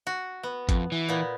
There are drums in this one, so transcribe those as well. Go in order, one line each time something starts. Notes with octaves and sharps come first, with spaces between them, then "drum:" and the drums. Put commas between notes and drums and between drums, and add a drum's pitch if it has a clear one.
F#4
B3
F2, drum: kick G#1, hi-hat
E3
A#2 B3